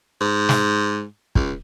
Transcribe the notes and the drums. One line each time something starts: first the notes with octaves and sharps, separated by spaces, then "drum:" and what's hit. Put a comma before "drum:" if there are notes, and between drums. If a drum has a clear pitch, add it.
G#2
drum: snare
C#2, drum: kick